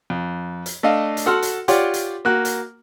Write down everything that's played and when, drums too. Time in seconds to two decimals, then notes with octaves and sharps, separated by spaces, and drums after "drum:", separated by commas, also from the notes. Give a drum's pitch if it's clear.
0.10 F2
0.66 drum: hi-hat
0.83 A3 D4 D#5 F5
1.17 drum: hi-hat
1.26 F#4 A4 F#5 C6 F6
1.42 drum: hi-hat
1.68 F4 G4 C#5 D5 F#5 C6, drum: hi-hat
1.94 drum: hi-hat
2.25 A#3 F#4 F#6
2.45 drum: hi-hat